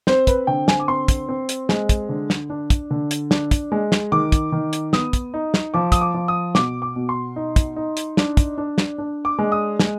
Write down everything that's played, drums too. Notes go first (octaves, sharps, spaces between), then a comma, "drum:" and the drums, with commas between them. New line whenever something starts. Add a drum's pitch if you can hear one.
C4 C5, drum: snare
B4, drum: kick, hi-hat
D3 G5
G#5, drum: snare
D6
C4 C6
drum: kick, hi-hat
C4
drum: hi-hat
G#3, drum: snare
drum: kick, hi-hat
D3
drum: snare
D4
drum: kick, hi-hat
D3
drum: hi-hat
D4, drum: snare
drum: kick, hi-hat
G#3
drum: snare
D#3 D6
drum: kick, hi-hat
D#3
drum: hi-hat
B3 D#6, drum: snare
drum: kick, hi-hat
D#4
drum: snare
F3 D6
D#6, drum: kick, hi-hat
D6
F3
D#6
B2 D6, drum: snare
D6
B2
C6
D#4
drum: kick, hi-hat
D#4
drum: hi-hat
D4, drum: snare
drum: kick, hi-hat
D4
drum: snare
D4
D6
G#3
D#6
G#3, drum: snare